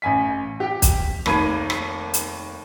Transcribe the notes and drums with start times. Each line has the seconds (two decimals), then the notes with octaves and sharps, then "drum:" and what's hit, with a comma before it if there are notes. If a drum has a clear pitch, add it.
0.02 A1 G#5 B6
0.60 G4 G5
0.82 drum: kick, hi-hat
1.26 F1 D#2 A#3 B5 G#6 D#7, drum: rim click
1.70 drum: rim click
2.14 drum: hi-hat